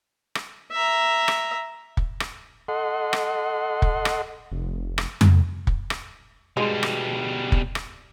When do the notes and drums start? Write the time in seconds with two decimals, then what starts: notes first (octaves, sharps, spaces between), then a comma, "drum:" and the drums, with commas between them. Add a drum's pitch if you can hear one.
0.35 drum: rim click
0.72 E5 A#5
1.28 drum: rim click
1.97 drum: kick
2.20 drum: rim click
2.68 A4 D#5 F#5 C6
3.13 drum: rim click
3.82 drum: kick
4.05 drum: rim click
4.51 F1
4.98 drum: rim click
5.21 drum: tom F2
5.67 drum: kick
5.90 drum: rim click
6.57 B2 G3 G#3
6.83 drum: rim click
7.52 drum: kick
7.75 drum: rim click